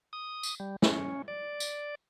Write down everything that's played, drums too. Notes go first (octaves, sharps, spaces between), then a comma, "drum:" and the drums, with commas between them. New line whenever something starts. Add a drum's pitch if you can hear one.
D#6
drum: tambourine
G3
C#4, drum: snare
D5
drum: tambourine